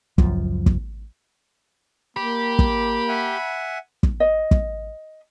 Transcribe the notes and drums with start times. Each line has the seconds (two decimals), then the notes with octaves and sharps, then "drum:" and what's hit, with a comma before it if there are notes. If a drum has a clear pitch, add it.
0.18 C#2 F#2 F3, drum: kick
0.66 drum: kick
2.17 A#3 G4 B5
2.59 drum: kick
3.08 E5 F#5 G#5
4.03 drum: kick
4.20 D#5
4.51 drum: kick